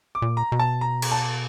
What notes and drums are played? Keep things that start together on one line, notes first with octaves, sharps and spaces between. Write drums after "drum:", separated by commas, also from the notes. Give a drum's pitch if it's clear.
D6
A#2
A#5
B2
A5
A#5
drum: cymbal
A5